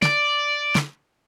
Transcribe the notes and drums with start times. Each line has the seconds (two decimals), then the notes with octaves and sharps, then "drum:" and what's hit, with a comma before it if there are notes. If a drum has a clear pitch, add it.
0.02 D5, drum: snare
0.75 drum: snare